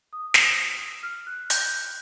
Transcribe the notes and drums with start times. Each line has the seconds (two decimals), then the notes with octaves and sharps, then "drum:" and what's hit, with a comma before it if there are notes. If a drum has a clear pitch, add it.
0.13 D#6
0.34 E6, drum: snare
1.03 F6
1.27 F#6
1.50 G6, drum: hi-hat